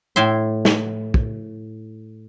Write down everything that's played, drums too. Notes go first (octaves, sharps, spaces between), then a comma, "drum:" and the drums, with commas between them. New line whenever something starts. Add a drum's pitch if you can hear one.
A2 E5 C6
drum: snare
drum: kick